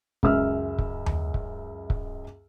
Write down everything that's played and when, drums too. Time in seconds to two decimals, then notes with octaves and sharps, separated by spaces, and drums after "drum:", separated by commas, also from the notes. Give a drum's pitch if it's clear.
0.23 C#2 F#2 E5 E6 F6, drum: kick C#1
0.79 drum: kick C#1
1.06 drum: tom D#2
1.34 drum: kick C#1
1.90 drum: kick C#1